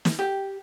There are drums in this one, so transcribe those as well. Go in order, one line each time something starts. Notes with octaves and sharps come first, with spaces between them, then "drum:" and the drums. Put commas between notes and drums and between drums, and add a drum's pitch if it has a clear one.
drum: snare
G4